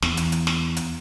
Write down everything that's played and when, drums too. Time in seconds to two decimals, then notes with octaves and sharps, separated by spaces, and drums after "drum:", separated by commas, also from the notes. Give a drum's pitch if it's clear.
0.02 E2, drum: snare
0.17 drum: hi-hat
0.32 drum: hi-hat
0.47 drum: snare
0.77 drum: hi-hat